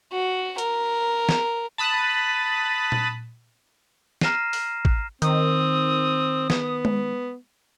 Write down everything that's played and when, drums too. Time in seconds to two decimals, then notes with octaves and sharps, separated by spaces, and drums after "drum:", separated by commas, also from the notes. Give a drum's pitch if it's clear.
0.12 F#4
0.58 A#4, drum: hi-hat
1.29 drum: snare
1.78 A5 B5 D#6 F#6
2.92 drum: tom A#2
4.21 A#5 F6 A#6 C7 D#7 E7, drum: snare
4.53 drum: open hi-hat
4.85 drum: kick
5.22 D#3 C4 D#6, drum: hi-hat
6.50 B3, drum: snare
6.85 drum: tom G#3